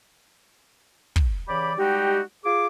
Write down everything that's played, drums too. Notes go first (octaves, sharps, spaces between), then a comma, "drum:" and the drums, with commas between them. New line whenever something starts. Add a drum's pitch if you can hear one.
drum: kick
C#3 E3 G4 D5 B5
G3 G#3 D#4 F#4 G4
F4 G#4 D6